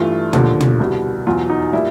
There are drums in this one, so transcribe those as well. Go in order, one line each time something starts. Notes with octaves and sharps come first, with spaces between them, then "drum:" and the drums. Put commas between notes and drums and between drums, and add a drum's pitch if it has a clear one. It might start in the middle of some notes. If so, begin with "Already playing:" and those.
Already playing: G2 E3 A3 F4
D#2 D3 F3, drum: tom
drum: tom
C2 B2 G3
E2 B2 F#3 F4
D#4
A#2 G3 E4